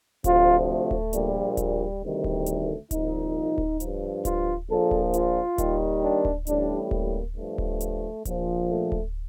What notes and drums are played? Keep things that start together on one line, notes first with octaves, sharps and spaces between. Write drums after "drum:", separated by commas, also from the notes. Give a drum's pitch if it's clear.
D2 C3 F3 F4, drum: kick D1, hi-hat
A3
drum: kick D1
A#1 A#2 G3, drum: hi-hat
G3, drum: kick D1, hi-hat
D2 C3 D#3 G3
drum: kick D1
A3, drum: hi-hat
C2 A#2 F3 D#4, drum: kick D1, hi-hat
drum: kick D1
G2 F3, drum: hi-hat
F4, drum: kick D1, hi-hat
A#1 A#2 F3 A4
drum: kick D1
F4, drum: hi-hat
D#2 D#3 G3, drum: kick D1, hi-hat
D4
drum: kick D1
A1 A2 G3 D4, drum: hi-hat
A#3, drum: kick D1
G2 F3 A3
drum: kick D1
drum: hi-hat
A#1 A#2 F3, drum: kick D1, hi-hat
A3
drum: kick D1